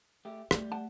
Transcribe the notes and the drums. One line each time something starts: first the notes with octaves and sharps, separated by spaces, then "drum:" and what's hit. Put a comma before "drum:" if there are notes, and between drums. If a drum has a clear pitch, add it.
A3 G4
G3 A3, drum: rim click
F#5 A5